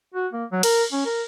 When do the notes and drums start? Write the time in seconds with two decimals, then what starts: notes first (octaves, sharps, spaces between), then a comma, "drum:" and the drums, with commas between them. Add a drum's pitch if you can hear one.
0.14 F#4
0.33 A#3
0.52 F#3
0.63 A#4, drum: cymbal
0.92 C#4
1.05 A#4